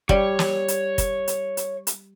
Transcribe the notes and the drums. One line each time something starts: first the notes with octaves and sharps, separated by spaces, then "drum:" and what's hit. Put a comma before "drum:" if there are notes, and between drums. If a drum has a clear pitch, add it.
G3 C#5, drum: kick
drum: snare
drum: hi-hat
drum: kick, hi-hat
drum: hi-hat
drum: hi-hat
drum: hi-hat